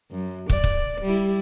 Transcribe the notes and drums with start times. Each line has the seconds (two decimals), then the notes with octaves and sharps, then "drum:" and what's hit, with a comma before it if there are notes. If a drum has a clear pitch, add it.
0.11 F#2
0.49 D5, drum: kick
0.64 drum: kick
1.01 G3 E4